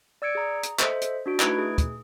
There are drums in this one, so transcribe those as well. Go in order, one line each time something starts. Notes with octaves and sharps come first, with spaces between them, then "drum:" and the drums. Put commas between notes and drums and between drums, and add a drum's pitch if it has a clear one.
D5 E6 G#6 C#7 D7
G#4 A#5
drum: hi-hat
A4 C5 D#5 E5, drum: clap
drum: hi-hat
D4 F#4 D7
A3 D#4 E4 B4 G#6 D7, drum: clap
G#4
drum: kick, hi-hat